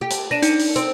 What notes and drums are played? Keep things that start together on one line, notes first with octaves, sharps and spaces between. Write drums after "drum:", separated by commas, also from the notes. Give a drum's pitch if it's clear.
G4
drum: hi-hat
D4 A#6 D#7 E7
D#4, drum: hi-hat
drum: open hi-hat
C4, drum: hi-hat